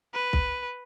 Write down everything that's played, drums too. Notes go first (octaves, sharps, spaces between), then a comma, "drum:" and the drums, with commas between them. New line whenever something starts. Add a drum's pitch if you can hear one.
B4
drum: kick